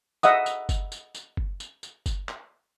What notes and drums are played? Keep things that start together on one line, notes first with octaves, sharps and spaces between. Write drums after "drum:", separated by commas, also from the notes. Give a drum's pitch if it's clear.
D#5 E5 F#5 D#6, drum: tambourine
drum: tambourine
drum: kick F#1, tambourine
drum: tambourine
drum: tambourine
drum: kick F#1
drum: tambourine
drum: tambourine
drum: kick F#1, tambourine
drum: clap